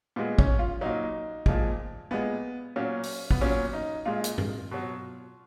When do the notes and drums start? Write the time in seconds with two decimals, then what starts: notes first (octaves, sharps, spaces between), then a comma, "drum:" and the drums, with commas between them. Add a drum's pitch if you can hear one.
0.16 A#2 G#3 B3
0.39 C#4, drum: kick
0.59 F4
0.81 A#2 F#3 D#4
1.46 A#2 F3 G#3, drum: kick
2.11 A#2 G#3 B3
2.76 A#2 F#3 C#4
3.03 drum: open hi-hat
3.31 B3, drum: kick
3.41 A#2 F#3 C#4
3.73 D#4
4.05 A#2 G#3 F4
4.24 drum: hi-hat
4.38 drum: tom G2
4.71 B2 F#3